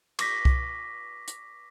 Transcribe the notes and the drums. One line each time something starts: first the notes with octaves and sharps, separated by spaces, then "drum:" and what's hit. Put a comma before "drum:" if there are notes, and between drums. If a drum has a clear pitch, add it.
C#6 D6 A#6 B6, drum: cymbal
drum: kick C2
drum: hi-hat